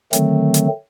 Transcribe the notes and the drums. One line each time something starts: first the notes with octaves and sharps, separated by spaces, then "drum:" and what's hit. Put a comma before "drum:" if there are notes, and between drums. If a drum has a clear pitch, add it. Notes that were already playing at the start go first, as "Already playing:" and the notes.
D3 D#3 F#3 A3 C4, drum: hi-hat
drum: hi-hat